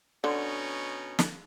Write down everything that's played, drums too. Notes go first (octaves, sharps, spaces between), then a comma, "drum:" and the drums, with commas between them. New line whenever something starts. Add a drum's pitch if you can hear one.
B2 D3 C#4 D#4
drum: snare